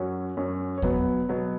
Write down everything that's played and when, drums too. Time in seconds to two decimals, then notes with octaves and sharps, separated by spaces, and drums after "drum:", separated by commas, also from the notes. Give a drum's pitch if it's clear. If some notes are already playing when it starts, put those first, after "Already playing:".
Already playing: F#2 F#3 C#4 F#4
0.37 F#2 F#3 C#4 C#5
0.78 C#5
0.82 B2 F#3 B3 B4, drum: kick E2
1.29 B2 F#3 B3